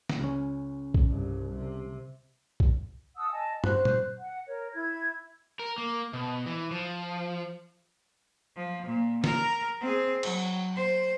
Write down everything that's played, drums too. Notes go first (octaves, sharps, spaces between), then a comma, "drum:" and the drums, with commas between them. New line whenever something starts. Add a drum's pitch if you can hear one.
drum: snare
C#2 C#4
drum: kick A#1
C2 G2
C3
drum: kick A#1
F#5 A5 D#6 E6
D#5 G#5 A5
F#4 C5 F#6, drum: tom
drum: tom
F#5
A#4 C#5
E4 G#6
A#4
A#3
B2
E3
F3
F3
A#2
A#4, drum: snare
C4 G#4
F#3, drum: cymbal
C5